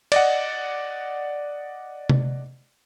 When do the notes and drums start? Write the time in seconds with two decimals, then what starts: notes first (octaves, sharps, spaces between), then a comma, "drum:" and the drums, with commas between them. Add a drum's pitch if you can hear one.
0.12 D5 D#5 F#5, drum: cymbal
2.09 drum: tom C3